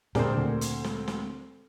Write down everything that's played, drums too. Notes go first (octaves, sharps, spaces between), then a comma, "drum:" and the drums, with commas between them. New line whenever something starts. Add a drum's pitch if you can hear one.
A#2 D3 C4 D4 G#4 A#4 C5, drum: snare
D2
drum: hi-hat
drum: snare
drum: snare